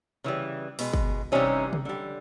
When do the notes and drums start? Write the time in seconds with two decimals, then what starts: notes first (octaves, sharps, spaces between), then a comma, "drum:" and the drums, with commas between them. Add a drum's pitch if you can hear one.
0.24 C#3 E3 G3
0.79 B2 G#3, drum: open hi-hat
0.93 drum: kick G1
1.32 C3 E3 G3 C#4 D#4
1.73 drum: tom
1.85 D3 G3